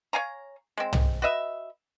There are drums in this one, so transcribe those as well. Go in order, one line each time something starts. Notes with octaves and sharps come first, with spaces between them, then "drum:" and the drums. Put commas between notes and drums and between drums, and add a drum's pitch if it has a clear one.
C#5 F5 G#5 A#5
G#3 C4
drum: tom
F#4 B4 D#5 E5